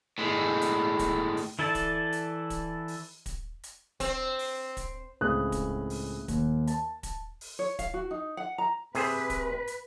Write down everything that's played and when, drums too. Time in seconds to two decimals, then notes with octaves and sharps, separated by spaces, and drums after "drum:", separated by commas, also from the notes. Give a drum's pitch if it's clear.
0.18 A2 G#3
0.62 drum: hi-hat
0.99 drum: kick, hi-hat
1.37 drum: open hi-hat
1.59 E3 E4 A4 D5 A5
1.75 drum: kick, hi-hat
2.13 drum: hi-hat
2.50 drum: kick, hi-hat
2.88 drum: open hi-hat
3.26 drum: kick, hi-hat
3.63 drum: hi-hat
4.00 C4, drum: kick, hi-hat
4.39 drum: open hi-hat
4.77 drum: kick, hi-hat
5.21 C#2 A2 C4 G#4 D#6 F#6
5.52 drum: kick, hi-hat
5.90 drum: open hi-hat
6.28 D#2, drum: kick, hi-hat
6.67 A5, drum: hi-hat
7.03 drum: kick, hi-hat
7.41 drum: open hi-hat
7.59 C#5
7.79 F5, drum: kick, hi-hat
7.94 F#4
8.11 D#4
8.37 F#5
8.58 A#5
8.95 C3 G#4 B4 C5, drum: open hi-hat
9.30 drum: kick, hi-hat
9.67 drum: hi-hat